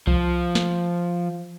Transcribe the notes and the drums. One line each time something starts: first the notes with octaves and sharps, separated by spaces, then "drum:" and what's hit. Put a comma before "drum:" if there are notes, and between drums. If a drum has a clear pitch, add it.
F3, drum: kick C2
drum: snare